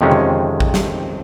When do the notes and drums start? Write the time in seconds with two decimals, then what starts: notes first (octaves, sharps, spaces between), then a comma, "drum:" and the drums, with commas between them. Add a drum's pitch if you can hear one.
0.01 F2 C3 D#3 G#3 C#4
0.12 drum: tom D3
0.60 drum: kick
0.74 drum: snare